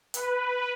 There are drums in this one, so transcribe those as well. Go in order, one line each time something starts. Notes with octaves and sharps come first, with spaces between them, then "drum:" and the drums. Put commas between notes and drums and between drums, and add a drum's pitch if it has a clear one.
B4, drum: hi-hat